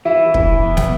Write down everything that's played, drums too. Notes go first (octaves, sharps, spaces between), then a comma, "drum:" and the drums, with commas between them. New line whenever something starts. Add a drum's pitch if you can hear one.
E3 E4
E3, drum: kick
B3
drum: snare